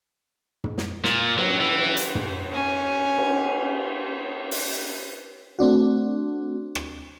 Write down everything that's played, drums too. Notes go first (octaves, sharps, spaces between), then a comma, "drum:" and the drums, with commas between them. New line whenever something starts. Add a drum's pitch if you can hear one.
drum: tom
drum: snare
A#2, drum: snare
F#3, drum: cymbal
E3
drum: hi-hat
drum: tom
C#4 G#5
drum: cymbal
drum: open hi-hat
A3 C4 D4 F#4
drum: rim click